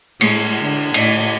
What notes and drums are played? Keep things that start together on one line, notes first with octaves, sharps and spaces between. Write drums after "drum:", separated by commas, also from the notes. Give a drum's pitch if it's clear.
A2 G#3, drum: cymbal
D3
A2 D5 D#5, drum: cymbal